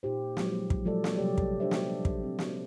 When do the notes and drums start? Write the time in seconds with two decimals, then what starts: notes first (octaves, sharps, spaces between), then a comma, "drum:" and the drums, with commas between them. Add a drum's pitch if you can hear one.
0.03 A#2 D#4 G4 C5
0.37 F3 F#3 G#3, drum: snare
0.70 drum: kick
0.85 F3 F#3 G#3 A4 D5
1.04 drum: snare
1.16 C3 F#3 G3 G4 C#5 D5
1.38 drum: kick
1.60 D4 G4 C5 D5 E5
1.71 drum: snare
2.05 drum: kick
2.23 C4
2.39 drum: snare